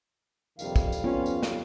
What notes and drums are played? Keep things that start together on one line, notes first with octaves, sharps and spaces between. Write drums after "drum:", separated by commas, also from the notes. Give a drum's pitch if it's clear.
A#1 F2 C3 D#3 G3 F5, drum: tambourine
drum: kick, tambourine
drum: tambourine
B3 C#4 F4
drum: tambourine
drum: snare